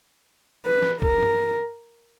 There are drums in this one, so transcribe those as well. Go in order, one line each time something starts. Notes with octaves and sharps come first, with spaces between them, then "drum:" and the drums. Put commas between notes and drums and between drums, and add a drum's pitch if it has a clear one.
B4
drum: snare
A#4, drum: kick
drum: tom G2